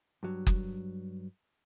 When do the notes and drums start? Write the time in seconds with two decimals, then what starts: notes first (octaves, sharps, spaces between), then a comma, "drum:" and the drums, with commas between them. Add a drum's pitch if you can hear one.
0.23 G2 F#3
0.47 drum: kick F#1